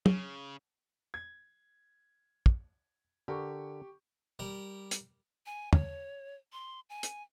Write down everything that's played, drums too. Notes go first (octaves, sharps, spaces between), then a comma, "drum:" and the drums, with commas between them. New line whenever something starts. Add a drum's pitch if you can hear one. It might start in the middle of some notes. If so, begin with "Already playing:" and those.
C#3, drum: tom
G#6
drum: kick
D3 G4 A#4 C#6 D6
G3 A#4
drum: hi-hat
G#5
C#5, drum: tom
C6
G#5
drum: hi-hat